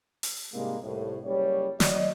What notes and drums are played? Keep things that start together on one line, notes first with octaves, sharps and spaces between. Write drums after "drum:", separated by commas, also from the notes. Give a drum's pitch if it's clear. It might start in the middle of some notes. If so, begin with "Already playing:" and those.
drum: open hi-hat
G#2 C3 G3 G#3 A#3
C2 A2
F#1 G3 C#5
F#3 F#4 D5 D#5, drum: snare